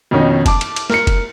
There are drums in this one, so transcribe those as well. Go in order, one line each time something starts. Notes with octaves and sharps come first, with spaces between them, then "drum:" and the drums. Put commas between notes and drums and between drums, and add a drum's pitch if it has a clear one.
F2 B2 D#3 C#4 D#4
A5 D6, drum: kick F1, cymbal
drum: cymbal
drum: cymbal
A#4 C#7, drum: snare
drum: kick F1, cymbal